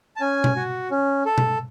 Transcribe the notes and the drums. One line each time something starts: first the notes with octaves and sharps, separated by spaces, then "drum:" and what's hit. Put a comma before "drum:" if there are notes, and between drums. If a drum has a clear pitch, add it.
A5
C#4 G#5
drum: tom B2
F#4
C#4
A4
drum: tom B2